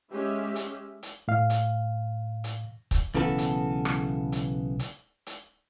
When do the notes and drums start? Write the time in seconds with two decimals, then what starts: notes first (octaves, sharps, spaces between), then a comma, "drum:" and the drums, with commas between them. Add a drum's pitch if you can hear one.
0.12 G#3 C#4 G4 E5
0.55 drum: hi-hat
1.03 drum: hi-hat
1.28 A2 F5
1.50 drum: hi-hat
2.44 drum: hi-hat
2.91 drum: kick, hi-hat
3.15 B1 C#3 E3 B3 A4 A5
3.38 drum: hi-hat
3.85 drum: rim click
4.32 drum: hi-hat
4.79 drum: hi-hat
5.26 drum: hi-hat